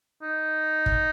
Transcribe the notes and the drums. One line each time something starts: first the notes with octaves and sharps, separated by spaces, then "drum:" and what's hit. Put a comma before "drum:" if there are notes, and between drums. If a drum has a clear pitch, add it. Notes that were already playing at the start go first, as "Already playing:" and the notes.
D#4
drum: kick G1